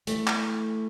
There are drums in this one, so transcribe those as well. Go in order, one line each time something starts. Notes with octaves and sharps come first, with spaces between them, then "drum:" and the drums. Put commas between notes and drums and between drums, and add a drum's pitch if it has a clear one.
E3 A3, drum: hi-hat
drum: clap